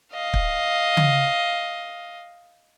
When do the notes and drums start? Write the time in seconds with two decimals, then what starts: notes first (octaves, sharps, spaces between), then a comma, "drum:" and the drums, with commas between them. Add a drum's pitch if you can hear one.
0.13 D#5 F5
0.34 drum: kick
0.97 drum: tom C#3